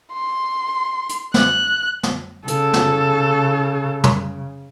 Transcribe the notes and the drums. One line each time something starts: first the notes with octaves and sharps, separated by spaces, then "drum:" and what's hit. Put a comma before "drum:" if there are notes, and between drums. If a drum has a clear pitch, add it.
C6
drum: hi-hat
F#6, drum: snare
drum: snare
C#3 A4, drum: hi-hat
drum: snare
drum: tom